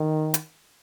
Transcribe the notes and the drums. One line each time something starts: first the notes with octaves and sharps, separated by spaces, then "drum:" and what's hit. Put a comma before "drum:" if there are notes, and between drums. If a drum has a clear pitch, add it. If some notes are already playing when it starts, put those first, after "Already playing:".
Already playing: D#3
drum: hi-hat